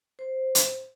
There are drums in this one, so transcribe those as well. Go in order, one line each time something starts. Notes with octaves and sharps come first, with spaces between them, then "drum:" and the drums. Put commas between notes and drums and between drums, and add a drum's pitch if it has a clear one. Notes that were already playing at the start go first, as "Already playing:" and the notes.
C5
drum: hi-hat